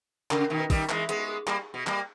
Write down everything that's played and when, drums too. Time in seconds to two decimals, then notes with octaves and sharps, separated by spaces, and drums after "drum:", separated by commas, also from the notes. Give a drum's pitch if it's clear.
0.31 C#3 A#4, drum: clap
0.41 C#4
0.50 B2 D#3 D#4
0.60 B4
0.70 D#3 G3, drum: kick, open hi-hat
0.89 E3 G#3, drum: clap
1.09 G#3 B3 G#4, drum: hi-hat
1.19 G4
1.28 G#4
1.47 G3 A#3 G4, drum: clap
1.74 B2
1.87 G3 A#3, drum: clap